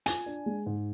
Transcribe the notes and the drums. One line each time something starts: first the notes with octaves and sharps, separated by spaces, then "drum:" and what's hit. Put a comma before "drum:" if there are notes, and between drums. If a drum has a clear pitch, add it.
F4 G#5, drum: hi-hat
D4
G#3
G#2